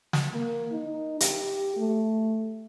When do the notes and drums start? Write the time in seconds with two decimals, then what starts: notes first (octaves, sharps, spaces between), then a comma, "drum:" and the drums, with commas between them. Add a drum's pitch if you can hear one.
0.13 drum: snare
0.32 A#3
0.72 D#4
1.20 G4, drum: hi-hat
1.77 A3